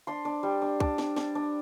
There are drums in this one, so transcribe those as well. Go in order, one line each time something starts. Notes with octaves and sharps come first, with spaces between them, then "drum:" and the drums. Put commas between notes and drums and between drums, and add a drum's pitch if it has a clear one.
D4 C6
D4
G3
D4
D4, drum: kick
D4, drum: snare
D4, drum: snare
D4